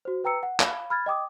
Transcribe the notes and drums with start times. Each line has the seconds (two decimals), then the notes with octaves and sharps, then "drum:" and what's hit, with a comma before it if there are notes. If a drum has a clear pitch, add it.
0.05 F#4 C5
0.24 B4 G5 A#5 E6 C#7
0.43 F#5
0.60 F5 B5, drum: clap
0.90 B5 F6 G#6 A6
1.06 D#5 G5 D6 D#6